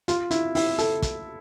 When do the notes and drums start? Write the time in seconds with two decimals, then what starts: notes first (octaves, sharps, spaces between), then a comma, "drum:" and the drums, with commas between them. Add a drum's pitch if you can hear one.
0.08 F4, drum: hi-hat
0.31 E4, drum: hi-hat
0.55 E4, drum: open hi-hat
0.78 A4, drum: hi-hat
1.02 drum: kick, hi-hat